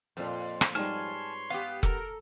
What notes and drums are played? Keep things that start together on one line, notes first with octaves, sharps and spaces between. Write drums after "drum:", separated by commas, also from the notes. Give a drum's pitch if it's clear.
F2 A#2 A4 C5 C6
drum: rim click
G#2 G3 B4 C#5 G#5 A5 C6 F6
B3 G4 F5
A4 A#4 A#5, drum: kick F1